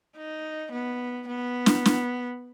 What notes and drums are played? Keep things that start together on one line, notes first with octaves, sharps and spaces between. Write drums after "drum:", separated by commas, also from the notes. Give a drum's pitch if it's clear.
D#4
B3
B3
drum: snare
drum: snare